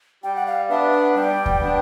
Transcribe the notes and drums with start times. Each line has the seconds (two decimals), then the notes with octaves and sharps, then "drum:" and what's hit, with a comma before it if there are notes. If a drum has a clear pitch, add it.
0.23 G3 G5
0.36 F#5
0.46 F5
0.69 B3 D4 E5
0.92 F#5
1.15 G3 G5
1.46 drum: kick D#2
1.61 B3 D4